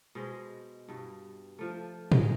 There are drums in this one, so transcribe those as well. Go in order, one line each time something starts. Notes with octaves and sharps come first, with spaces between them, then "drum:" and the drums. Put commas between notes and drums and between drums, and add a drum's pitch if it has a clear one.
B2 G#3 C5
G2 B2
F3 A3
G#3, drum: tom